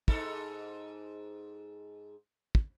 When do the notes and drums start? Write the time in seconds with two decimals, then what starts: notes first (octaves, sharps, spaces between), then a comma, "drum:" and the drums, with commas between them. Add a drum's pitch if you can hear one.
0.08 G#2 D#4 A4, drum: kick
2.55 drum: kick